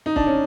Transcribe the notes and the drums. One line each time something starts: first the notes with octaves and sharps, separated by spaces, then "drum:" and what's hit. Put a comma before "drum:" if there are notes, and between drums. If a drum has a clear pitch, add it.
D#4
D4, drum: kick
C#4